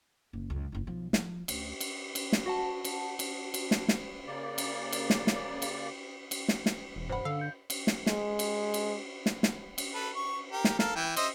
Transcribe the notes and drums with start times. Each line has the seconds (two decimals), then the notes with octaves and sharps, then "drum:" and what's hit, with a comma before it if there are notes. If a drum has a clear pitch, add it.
0.33 F#1
0.50 C#2 F#2
0.72 F#1 E4
0.87 B1 F3
1.13 F3, drum: snare
1.48 D2, drum: cymbal
1.80 drum: cymbal
2.15 drum: cymbal
2.32 drum: snare
2.46 F#4 F#5 A5
2.84 drum: cymbal
3.19 drum: cymbal
3.54 drum: cymbal
3.71 drum: snare
3.88 drum: snare
4.26 C#3 A#3 D5
4.58 drum: cymbal
4.92 drum: cymbal
5.10 drum: snare
5.27 drum: snare
5.62 drum: cymbal
6.31 drum: cymbal
6.48 drum: snare
6.66 drum: snare
6.96 E1
7.09 G2 C5 F#5 B5
7.25 D3 F5 E6
7.39 G6 C#7
7.70 drum: cymbal
7.87 drum: snare
8.07 G#3, drum: snare
8.39 drum: cymbal
8.74 drum: cymbal
9.26 drum: snare
9.43 drum: snare
9.78 drum: cymbal
9.94 A4 B4
10.16 C#6
10.52 G4 A#4
10.64 drum: snare
10.79 A4 A#4 F5, drum: snare
10.95 E3 G5
11.16 C5 D#5 E5, drum: cymbal